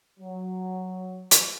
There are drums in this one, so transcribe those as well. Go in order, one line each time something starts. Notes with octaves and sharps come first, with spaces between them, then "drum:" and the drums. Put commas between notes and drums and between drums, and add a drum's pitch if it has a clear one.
F#3
drum: hi-hat